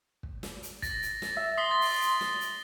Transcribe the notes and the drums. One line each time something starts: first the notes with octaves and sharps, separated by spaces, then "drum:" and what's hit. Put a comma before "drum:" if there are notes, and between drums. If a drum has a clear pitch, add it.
drum: kick
drum: snare
drum: hi-hat
A6 A#6, drum: kick, hi-hat
drum: hi-hat
drum: snare
E5
C6 D#6 B6 G7
A6
drum: open hi-hat
drum: hi-hat
drum: snare
drum: hi-hat